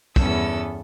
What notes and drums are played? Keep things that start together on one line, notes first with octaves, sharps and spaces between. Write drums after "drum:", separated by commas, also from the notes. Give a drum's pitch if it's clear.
E2 G2 B3 C#4 A4 E6, drum: kick